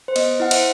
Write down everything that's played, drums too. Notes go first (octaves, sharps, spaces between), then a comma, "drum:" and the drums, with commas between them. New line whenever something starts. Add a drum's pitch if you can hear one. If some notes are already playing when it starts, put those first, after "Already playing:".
C5
B3 D#5, drum: cymbal
E4 F#5
C5 E5, drum: cymbal